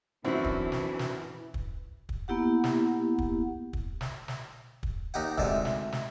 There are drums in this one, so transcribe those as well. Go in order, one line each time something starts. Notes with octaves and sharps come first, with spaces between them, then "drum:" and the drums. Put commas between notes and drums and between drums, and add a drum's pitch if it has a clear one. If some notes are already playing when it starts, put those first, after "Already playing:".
F#2 E3 C4 D4 E4 F#4
drum: kick
drum: snare
drum: snare
drum: kick
drum: kick
A#3 B3 E4 G4 F#5
drum: snare
drum: kick
drum: kick
drum: snare
drum: snare
drum: kick
D#2 D#4 G4 F#5
D2 G#2 C3 D5, drum: kick
drum: snare
drum: snare